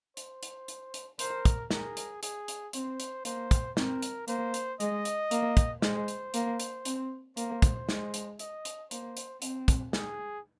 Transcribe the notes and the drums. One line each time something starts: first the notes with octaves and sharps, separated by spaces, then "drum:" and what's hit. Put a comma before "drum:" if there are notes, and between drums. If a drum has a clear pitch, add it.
C5, drum: hi-hat
drum: hi-hat
drum: hi-hat
drum: hi-hat
A#4 C5, drum: hi-hat
drum: kick, hi-hat
G#4 A#4, drum: snare
drum: hi-hat
G#4, drum: hi-hat
drum: hi-hat
C4 C5, drum: hi-hat
drum: hi-hat
A#3 C5, drum: hi-hat
drum: kick, hi-hat
C4 A#4, drum: snare
drum: hi-hat
A#3 C5, drum: hi-hat
drum: hi-hat
G#3 D#5, drum: hi-hat
drum: hi-hat
A#3, drum: hi-hat
drum: kick, hi-hat
G#3 C5, drum: snare
drum: hi-hat
A#3, drum: hi-hat
drum: hi-hat
C4, drum: hi-hat
A#3 C5, drum: hi-hat
drum: kick, hi-hat
G#3, drum: snare
drum: hi-hat
D#5, drum: hi-hat
drum: hi-hat
A#3 C5, drum: hi-hat
drum: hi-hat
C4, drum: hi-hat
drum: kick, hi-hat
G#4, drum: snare